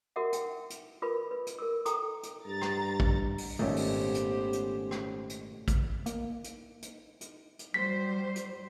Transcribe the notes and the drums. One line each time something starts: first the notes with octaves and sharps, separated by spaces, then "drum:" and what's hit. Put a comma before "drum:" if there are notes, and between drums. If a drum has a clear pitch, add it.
F#4 A#4 E5 F#5
G5, drum: hi-hat
drum: hi-hat
F4 A#4 B4 B5
B4
drum: hi-hat
A#4 E6
A4 G5 A#5 D#6, drum: hi-hat
drum: hi-hat
G2 A#5 A6
drum: rim click
drum: kick
drum: open hi-hat
G#1 A#2 A3 B3 C#4 D#4 G4 C5
drum: open hi-hat
drum: hi-hat
drum: hi-hat
drum: rim click
drum: hi-hat
drum: kick, hi-hat
A#3, drum: hi-hat
drum: hi-hat
drum: hi-hat
drum: hi-hat
drum: hi-hat
F#3 G3 C5 B6
drum: hi-hat